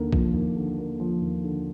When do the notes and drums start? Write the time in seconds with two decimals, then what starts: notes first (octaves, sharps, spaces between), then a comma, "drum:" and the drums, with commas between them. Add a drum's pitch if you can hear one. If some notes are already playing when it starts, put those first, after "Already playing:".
Already playing: D#2 D3 A#3
0.13 F3, drum: kick B1
0.34 D#2
0.57 D3
0.79 A#3
1.00 F3
1.22 D#2
1.44 D3